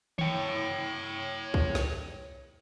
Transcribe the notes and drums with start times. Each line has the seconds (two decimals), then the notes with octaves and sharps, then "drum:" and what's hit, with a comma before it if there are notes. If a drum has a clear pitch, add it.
0.19 C#5 G5, drum: tom D#3
1.54 drum: kick
1.75 drum: snare